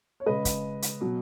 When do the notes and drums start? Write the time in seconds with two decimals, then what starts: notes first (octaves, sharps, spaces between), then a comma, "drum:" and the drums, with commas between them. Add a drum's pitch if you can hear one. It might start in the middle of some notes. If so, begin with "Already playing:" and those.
0.20 C#5
0.26 C#3 G#3 B4 D#5
0.45 drum: kick, hi-hat
0.82 drum: hi-hat
1.01 B2 F#3